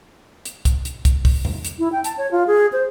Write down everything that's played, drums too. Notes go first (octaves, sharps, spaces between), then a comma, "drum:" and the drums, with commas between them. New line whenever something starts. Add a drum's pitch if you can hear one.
drum: hi-hat
drum: kick, hi-hat
drum: hi-hat
drum: kick, hi-hat
drum: kick, open hi-hat
drum: tom E2
drum: hi-hat
E4
G5
A5, drum: hi-hat
C#5
F4
G#4
C5